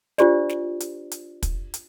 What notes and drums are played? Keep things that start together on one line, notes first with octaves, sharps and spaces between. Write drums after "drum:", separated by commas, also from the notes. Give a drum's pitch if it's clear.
D4 F4 G4 C5 D5, drum: snare
drum: snare
drum: hi-hat
drum: hi-hat
drum: kick, hi-hat
drum: hi-hat